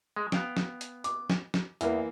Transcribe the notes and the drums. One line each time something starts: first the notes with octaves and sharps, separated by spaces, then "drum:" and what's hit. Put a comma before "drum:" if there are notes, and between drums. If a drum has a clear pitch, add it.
G#3
B3 F5 G5, drum: snare
drum: snare
drum: hi-hat
D6, drum: hi-hat
drum: snare
drum: snare
E2 E3 A#3, drum: hi-hat